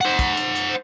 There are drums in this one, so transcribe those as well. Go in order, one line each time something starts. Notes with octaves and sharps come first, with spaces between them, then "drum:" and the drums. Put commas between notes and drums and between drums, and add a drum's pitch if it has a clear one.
C5 F#5
drum: kick, hi-hat
drum: hi-hat
drum: hi-hat